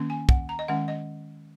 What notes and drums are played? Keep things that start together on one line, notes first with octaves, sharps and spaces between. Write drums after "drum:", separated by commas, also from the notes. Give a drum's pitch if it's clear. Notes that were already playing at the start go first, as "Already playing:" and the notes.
Already playing: D#3 A#3 C#4
G#5
F#5, drum: kick
A#5
D#5
D#3 G#3 C#4 F#5
D#5